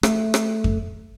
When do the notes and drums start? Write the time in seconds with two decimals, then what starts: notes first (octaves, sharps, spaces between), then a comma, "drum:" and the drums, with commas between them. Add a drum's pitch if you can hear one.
0.03 A3, drum: rim click
0.34 drum: rim click
0.64 drum: kick F2